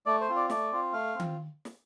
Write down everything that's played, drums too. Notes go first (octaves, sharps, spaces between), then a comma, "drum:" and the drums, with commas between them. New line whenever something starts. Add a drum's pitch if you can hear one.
A3 D5
C5
C4 F4
D5
A3 D5, drum: snare
C4 F4
A3 F5
C4
F4, drum: tom D#3
drum: snare